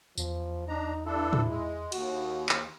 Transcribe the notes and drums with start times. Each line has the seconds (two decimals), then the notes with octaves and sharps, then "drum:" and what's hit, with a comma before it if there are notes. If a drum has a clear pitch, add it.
0.18 E2 F3, drum: tambourine
0.68 D4 D#4 A#5
1.06 G2 D4 E4 A4
1.33 drum: tom
1.48 G#3
1.92 D#2 F#4, drum: cymbal
2.49 drum: clap